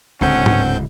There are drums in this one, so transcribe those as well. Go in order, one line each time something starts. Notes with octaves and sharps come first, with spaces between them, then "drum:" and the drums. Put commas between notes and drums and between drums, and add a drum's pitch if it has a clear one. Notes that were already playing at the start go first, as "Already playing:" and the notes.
D1 C#2 D3 C4 C#4 F#5 G6
drum: tom G#2